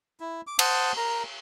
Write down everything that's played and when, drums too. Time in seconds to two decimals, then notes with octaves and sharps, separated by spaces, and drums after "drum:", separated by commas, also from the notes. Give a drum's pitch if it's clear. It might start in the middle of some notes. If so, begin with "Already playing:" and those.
0.20 E4
0.47 D6
0.59 C5 F#5 A5 D#6, drum: cymbal
0.97 A#4 A#5